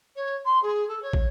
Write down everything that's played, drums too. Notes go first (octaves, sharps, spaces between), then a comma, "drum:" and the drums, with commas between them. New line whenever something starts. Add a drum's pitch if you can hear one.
C#5
C6
G#4
A4
C#5
drum: kick